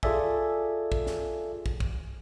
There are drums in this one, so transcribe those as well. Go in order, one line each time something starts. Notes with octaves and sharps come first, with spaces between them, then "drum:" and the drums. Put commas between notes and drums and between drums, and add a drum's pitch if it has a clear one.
F4 G#4 A4 D5 E5 G#5, drum: kick
drum: kick
drum: snare
drum: kick
drum: kick